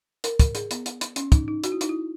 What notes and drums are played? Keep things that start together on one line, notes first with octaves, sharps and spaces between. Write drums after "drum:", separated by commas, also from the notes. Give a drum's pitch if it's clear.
A#4, drum: hi-hat
A#4, drum: kick, hi-hat
G#4, drum: hi-hat
B3, drum: hi-hat
drum: hi-hat
drum: hi-hat
C#4, drum: hi-hat
D#4, drum: kick, hi-hat
D#4
F#4, drum: hi-hat
E4
D#4, drum: hi-hat
E4